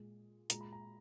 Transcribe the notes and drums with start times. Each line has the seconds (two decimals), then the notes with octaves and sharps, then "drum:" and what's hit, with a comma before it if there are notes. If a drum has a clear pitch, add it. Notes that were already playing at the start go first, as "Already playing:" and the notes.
Already playing: A#2 G#3
0.50 A#2 G#3 A#5, drum: hi-hat
0.61 B5
0.73 A#5